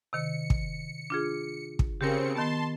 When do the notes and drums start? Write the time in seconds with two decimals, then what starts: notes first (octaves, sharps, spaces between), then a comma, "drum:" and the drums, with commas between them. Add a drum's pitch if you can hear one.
0.13 C3 D#3 C#7
0.50 drum: kick
1.10 D4 F4 G#4
1.79 drum: kick
2.01 C#3 C4 G4 A#4 C#7
2.35 D#3 B3 A5 C6